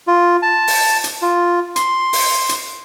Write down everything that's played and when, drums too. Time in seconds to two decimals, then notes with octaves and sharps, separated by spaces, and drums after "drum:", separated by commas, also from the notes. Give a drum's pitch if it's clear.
0.07 F4
0.42 A5
0.67 drum: open hi-hat
1.04 drum: hi-hat
1.22 F4
1.76 C6, drum: hi-hat
2.13 drum: open hi-hat
2.49 drum: hi-hat